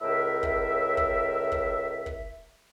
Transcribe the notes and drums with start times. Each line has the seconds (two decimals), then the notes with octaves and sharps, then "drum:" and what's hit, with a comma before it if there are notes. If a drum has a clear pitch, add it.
0.02 C#2 A2 A#4 E5
0.43 drum: kick
0.97 drum: kick
1.52 drum: kick
2.06 drum: kick